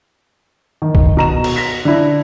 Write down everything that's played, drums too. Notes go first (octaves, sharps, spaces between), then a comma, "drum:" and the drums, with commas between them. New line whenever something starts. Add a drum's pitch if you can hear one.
D#3
drum: kick
B2 A#5 E7
drum: cymbal
A#6 B6
D3 E4